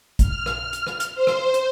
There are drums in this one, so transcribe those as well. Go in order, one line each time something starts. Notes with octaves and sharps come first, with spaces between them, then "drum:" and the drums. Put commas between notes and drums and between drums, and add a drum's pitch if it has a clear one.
F6, drum: kick, hi-hat
drum: rim click
drum: hi-hat
drum: rim click
drum: hi-hat
C5
drum: rim click
drum: hi-hat